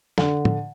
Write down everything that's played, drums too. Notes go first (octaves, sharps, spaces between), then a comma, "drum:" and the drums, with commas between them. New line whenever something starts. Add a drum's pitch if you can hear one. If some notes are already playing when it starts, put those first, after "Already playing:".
D3, drum: snare
drum: tom A2